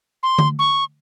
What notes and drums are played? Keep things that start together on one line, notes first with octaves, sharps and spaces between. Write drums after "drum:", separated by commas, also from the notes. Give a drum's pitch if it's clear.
C6
drum: tom D3
C#6